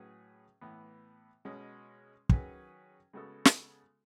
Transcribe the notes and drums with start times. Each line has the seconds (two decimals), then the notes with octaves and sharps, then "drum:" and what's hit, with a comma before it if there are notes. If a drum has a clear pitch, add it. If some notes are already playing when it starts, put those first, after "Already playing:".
Already playing: A2 F#3 C#4 G#4 B4
0.61 A2 E3 B3
1.45 B2 G#3 C#4
2.29 D#3 F#3 C#4 G#4 B4, drum: kick
3.13 C#3 G#3 B3 F#4 A4
3.45 drum: snare